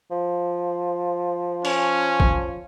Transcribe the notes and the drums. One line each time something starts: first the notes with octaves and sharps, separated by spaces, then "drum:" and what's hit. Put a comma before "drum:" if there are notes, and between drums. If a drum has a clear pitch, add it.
F3
C#4, drum: open hi-hat
drum: kick